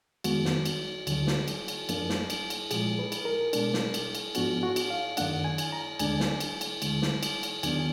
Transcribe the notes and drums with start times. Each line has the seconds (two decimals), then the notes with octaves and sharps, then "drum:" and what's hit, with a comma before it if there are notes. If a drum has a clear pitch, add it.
0.24 F2 D#3 G#3 B3 F#4, drum: cymbal
0.45 drum: snare
0.66 drum: cymbal
1.07 D2 D3 F#3, drum: cymbal
1.27 drum: snare
1.48 drum: cymbal
1.68 drum: cymbal
1.89 F#2 F3 A#3 D4, drum: cymbal
2.09 drum: snare
2.30 drum: cymbal
2.50 drum: cymbal
2.71 A#2 F3 G#3 G#4, drum: cymbal
2.99 B4
3.12 drum: cymbal
3.25 A#4
3.53 B2 G#3 D4, drum: cymbal
3.74 drum: snare
3.94 drum: cymbal
4.15 drum: cymbal
4.35 G#2 F3 B3 D4 F#4, drum: cymbal
4.63 F#4
4.76 drum: cymbal
4.90 F5
5.17 F#2 D#3 A#3 D4 F#5, drum: cymbal
5.44 G#5
5.58 drum: cymbal
5.72 A#5
5.99 D2 D3 G#3 D4 G#5, drum: cymbal
6.20 drum: snare
6.40 drum: cymbal
6.61 drum: cymbal
6.82 D2 D3 G#3, drum: cymbal
7.02 drum: snare
7.23 drum: cymbal
7.43 drum: cymbal
7.63 D#2 D#3 F#3 B3 D4 G#5, drum: cymbal